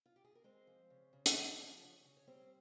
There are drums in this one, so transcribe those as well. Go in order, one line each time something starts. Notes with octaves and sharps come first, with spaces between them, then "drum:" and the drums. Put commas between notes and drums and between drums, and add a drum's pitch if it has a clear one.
F4
G4
G#4
A#4
G#3 C4 C5
F3
C#3
C#3
drum: hi-hat
G#3
F3
C#3
C#3
C#5
G3 C4 C5